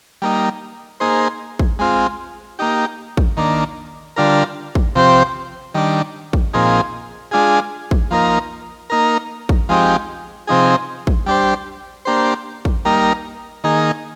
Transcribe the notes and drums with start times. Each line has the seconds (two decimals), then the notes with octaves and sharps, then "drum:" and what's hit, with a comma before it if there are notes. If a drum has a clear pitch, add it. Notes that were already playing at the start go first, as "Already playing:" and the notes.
0.22 G3 A#3 D#4
1.00 A#3 D#4 G#4 C5
1.59 drum: kick
1.79 G#3 C4 F4
2.59 A#3 D#4 G4
3.17 drum: kick
3.37 D#3 A#3 D4
4.16 D3 G3 D4 F4 A#4
4.75 drum: kick
4.95 C3 F3 C4 G4 C5
5.74 D#3 G3 D4
6.33 drum: kick
6.54 A#2 F3 C4 D#4 G#4
7.31 G#3 D4 F4 G#4
7.91 drum: kick
8.11 F3 A#3 D#4 A#4
8.90 A#3 D#4 A#4
9.49 drum: kick
9.69 F3 G#3 C4 D#4 G4
10.47 C3 F3 C4 D#4 G#4
11.07 drum: kick
11.26 G3 D4 G4 C5
12.05 A#3 D4 G4 C5
12.65 drum: kick
12.85 G3 A#3 D#4 A#4
13.64 D#3 A#3 D#4 G#4